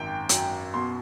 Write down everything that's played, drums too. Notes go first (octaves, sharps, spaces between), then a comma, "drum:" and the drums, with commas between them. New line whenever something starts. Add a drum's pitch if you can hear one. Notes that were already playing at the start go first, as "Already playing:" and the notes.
Already playing: G#1 F#2 G5
F#2, drum: hi-hat
B2 C6